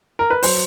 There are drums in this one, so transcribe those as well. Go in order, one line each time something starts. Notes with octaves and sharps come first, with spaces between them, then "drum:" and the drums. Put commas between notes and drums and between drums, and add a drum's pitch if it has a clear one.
A#4
B4
F#3 C5, drum: open hi-hat